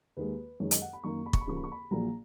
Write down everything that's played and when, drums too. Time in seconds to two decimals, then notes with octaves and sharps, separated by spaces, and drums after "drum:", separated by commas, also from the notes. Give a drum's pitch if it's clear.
0.17 D#2 D#3 G#3 B4
0.60 F#2 D#3 G#3 C#5
0.71 D#5, drum: hi-hat
0.82 F#5
0.93 B5
1.04 F#2 D#3 A#3 C#6
1.26 B5
1.33 C#6, drum: kick
1.41 B5
1.47 D#2 C#3 F3 A#3 C#6
1.56 B5
1.64 C#6
1.72 B5
1.91 A#1 A#2 F#3 A#5